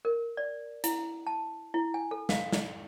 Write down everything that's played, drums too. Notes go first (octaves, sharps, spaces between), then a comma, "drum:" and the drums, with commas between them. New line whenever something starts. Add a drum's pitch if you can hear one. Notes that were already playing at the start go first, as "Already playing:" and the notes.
A#4
D5
E4, drum: hi-hat
A5
E4
G#5
A4
F5, drum: snare
drum: snare